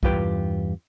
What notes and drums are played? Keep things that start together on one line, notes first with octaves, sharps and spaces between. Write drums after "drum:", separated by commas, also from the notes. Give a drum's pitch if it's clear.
E2 G2 F4 G4 B4 G5, drum: kick B1